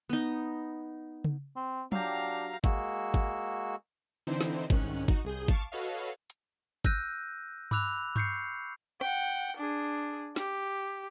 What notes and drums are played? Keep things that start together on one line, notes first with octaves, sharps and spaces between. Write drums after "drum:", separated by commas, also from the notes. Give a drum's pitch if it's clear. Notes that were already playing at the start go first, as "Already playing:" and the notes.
B3 D#4, drum: tambourine
drum: tom C#3
C4
F#3 D4 G4 F5 A#5, drum: tom
G#3 A#3 F#4 E6, drum: kick
drum: kick
D3 E3 C4 D#4 E4 C5
drum: snare
C2 G#2 D#3 C#4 F#6, drum: kick
D#4 F#4, drum: kick
C2 G#4 D#6 G6
F5 A5 C#6 D6, drum: kick
F#4 A4 B4 C#5 D#5 F5
drum: hi-hat
E6 F#6 G6 A#6 D#7, drum: kick
B5 D6 E6 F#6 F7, drum: tom G2
C#6 G6 C7 C#7, drum: tom G2
F#5 G5, drum: rim click
D4 G#4
G4, drum: snare